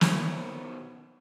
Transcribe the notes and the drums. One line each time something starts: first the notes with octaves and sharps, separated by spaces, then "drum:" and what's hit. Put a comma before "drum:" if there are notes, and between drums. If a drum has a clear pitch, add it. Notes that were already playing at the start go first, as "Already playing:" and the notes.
B2 D#3 C4 E4 C#5, drum: snare